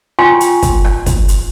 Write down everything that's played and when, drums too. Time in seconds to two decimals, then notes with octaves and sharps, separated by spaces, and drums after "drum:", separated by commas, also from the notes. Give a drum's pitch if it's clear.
0.19 F4 G5 G#5 C6 C#6, drum: rim click
0.41 drum: hi-hat
0.62 drum: kick, hi-hat
0.84 drum: rim click
1.06 drum: kick, hi-hat
1.28 drum: hi-hat